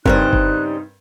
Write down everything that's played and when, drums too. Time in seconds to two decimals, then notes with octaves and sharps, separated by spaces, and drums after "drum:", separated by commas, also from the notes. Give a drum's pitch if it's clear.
0.06 G2 C#3 G3 C4 D#4 A#4 C5 F#6, drum: kick F#1
0.33 drum: kick F#1